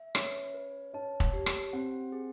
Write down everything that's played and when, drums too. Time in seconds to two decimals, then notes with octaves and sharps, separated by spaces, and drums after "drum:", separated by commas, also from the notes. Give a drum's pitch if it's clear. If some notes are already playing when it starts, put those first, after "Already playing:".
Already playing: E5
0.15 C#4 B4, drum: rim click
0.54 B4
0.94 C#4 A5
1.20 drum: kick
1.33 G4
1.46 drum: rim click
1.73 C4 F#5
2.12 G#4